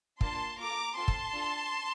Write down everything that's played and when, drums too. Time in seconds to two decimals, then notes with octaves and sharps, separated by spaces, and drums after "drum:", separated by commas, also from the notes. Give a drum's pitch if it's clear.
0.21 A#3 D4 F4 A5 C6, drum: kick
0.58 A#3 F4 A4 A#5 D6
0.96 C4 F4 A4 A5 C6
1.08 drum: kick
1.34 D4 F4 A4